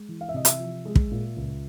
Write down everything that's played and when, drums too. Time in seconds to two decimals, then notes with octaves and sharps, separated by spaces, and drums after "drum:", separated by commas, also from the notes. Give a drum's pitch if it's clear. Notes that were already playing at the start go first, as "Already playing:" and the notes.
Already playing: G#3
0.08 E3
0.21 F5
0.29 E5
0.34 C3 D#5
0.45 E5, drum: hi-hat
0.59 F3
0.85 G#3
0.95 drum: kick
1.11 A#2
1.36 C#2